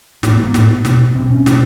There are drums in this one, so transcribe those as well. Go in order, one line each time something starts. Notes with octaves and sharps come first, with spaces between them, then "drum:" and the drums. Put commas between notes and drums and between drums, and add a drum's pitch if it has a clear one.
A2 A#3, drum: snare
B3
A#3
A2 B3, drum: snare
B2, drum: snare
B2 C4
C#4
B2, drum: snare